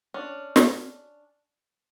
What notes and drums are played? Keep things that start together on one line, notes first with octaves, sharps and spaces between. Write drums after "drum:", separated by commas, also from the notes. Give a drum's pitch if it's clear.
C#4 D4
drum: snare